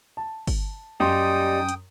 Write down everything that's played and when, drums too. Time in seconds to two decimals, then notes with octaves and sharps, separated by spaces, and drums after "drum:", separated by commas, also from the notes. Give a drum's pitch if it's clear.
0.17 A5
0.47 drum: kick G1, open hi-hat
1.00 F#2 G3 D#4 G4 G5 C6 D#6
1.69 drum: hi-hat